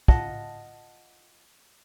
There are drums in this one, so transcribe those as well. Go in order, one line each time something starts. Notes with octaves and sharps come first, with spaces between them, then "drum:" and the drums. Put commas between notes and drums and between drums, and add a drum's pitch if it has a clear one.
F4 D#5 F#5 A5, drum: kick